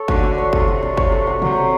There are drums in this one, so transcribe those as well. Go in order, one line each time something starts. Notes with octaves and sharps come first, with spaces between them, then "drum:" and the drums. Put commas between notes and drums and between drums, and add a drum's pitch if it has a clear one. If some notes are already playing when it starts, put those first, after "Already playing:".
Already playing: A4 C#5
D3 F#4, drum: kick
D4
C#5
C3 A4, drum: kick
F#4
D4
C#5, drum: kick
A4
F#4
C3 F#3, drum: tom
F#3